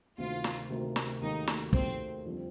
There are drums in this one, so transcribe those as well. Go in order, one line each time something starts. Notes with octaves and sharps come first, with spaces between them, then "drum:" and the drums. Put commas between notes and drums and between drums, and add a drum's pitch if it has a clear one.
D2 C3 D#3 A#3 F4
drum: snare
D2 C3 D#3 A#3
drum: snare
D#2 D#3 A3 D#4
drum: snare
D#2 D#3 A3 C4, drum: kick
F2 D3 G3 C4